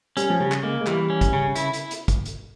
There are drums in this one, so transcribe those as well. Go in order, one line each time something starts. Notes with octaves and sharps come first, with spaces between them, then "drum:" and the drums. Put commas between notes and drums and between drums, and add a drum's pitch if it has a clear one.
G3 C#4, drum: hi-hat
F3
C#3 G3
drum: clap
G#3 A#3
G#3
E3 G3, drum: clap
C#4
drum: kick, hi-hat
C#3
E4, drum: hi-hat
drum: hi-hat
drum: hi-hat
drum: kick, hi-hat
drum: hi-hat